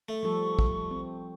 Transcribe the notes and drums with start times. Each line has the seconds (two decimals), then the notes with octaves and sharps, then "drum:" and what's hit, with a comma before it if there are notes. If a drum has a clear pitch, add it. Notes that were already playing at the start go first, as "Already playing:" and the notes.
0.09 A3
0.23 F3 G3 A4 C#6
0.59 drum: kick
0.91 C4